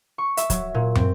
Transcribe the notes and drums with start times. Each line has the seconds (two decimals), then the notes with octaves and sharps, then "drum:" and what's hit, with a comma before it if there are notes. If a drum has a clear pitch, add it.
0.18 C#6
0.37 E5, drum: hi-hat
0.50 F#3, drum: kick C#1, hi-hat
0.74 A#2
0.95 C4, drum: tom